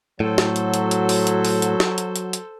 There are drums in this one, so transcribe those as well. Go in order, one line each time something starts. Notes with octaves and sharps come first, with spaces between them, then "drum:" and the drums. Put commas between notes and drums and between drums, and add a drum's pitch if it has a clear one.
A2 F#3 A4 C5
drum: snare
drum: hi-hat
drum: hi-hat
drum: hi-hat
drum: open hi-hat
drum: hi-hat
drum: open hi-hat
drum: hi-hat
drum: snare
drum: hi-hat
drum: hi-hat
drum: hi-hat